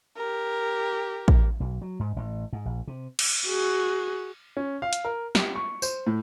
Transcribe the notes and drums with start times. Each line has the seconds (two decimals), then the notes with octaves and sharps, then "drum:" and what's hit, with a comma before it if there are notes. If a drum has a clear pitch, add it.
0.17 G4 A#4
1.28 drum: kick A1
1.60 B1
1.82 F#3
2.00 G#2
2.16 A1
2.53 G#2
2.65 A#1
2.87 C3
3.19 drum: cymbal
3.47 F#4 G#4
4.57 C#4
4.82 F5
4.93 drum: hi-hat
5.05 A#4
5.35 G4, drum: snare
5.55 C#6
5.82 C5, drum: tambourine
6.07 A2